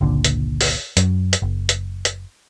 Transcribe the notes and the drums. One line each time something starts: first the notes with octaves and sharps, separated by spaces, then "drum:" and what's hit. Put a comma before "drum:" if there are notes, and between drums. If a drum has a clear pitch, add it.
G1 C#2 A#2 D3
drum: hi-hat
drum: open hi-hat
F#2 F#3, drum: hi-hat
drum: hi-hat
F#1
drum: hi-hat
drum: hi-hat